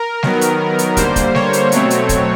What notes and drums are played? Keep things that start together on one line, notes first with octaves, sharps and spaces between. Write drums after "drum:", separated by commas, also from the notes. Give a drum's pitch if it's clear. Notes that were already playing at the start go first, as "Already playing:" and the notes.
Already playing: A#4
D#3 F#3 B3, drum: snare G3
drum: hi-hat
drum: hi-hat
D3 G3 A#3 C5, drum: kick, hi-hat
drum: kick, hi-hat
C#5, drum: snare G3
drum: hi-hat
B2 F#3 A3 C4, drum: hi-hat
drum: hi-hat
drum: kick, hi-hat